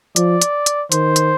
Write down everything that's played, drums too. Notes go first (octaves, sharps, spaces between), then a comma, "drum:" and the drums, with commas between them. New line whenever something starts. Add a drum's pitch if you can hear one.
F3 D5, drum: hi-hat
drum: hi-hat
drum: hi-hat
D#3 C5, drum: hi-hat
drum: hi-hat